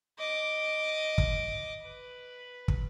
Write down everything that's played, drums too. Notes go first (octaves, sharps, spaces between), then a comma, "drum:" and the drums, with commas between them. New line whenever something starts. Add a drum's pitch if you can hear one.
D#5 D6
drum: kick
B4
drum: kick